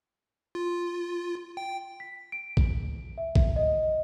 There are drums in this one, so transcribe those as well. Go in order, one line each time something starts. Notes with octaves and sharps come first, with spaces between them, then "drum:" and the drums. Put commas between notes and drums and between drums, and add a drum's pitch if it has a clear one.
F4
G5
B6
D7
drum: kick A#1
E5
drum: kick A#1
D#5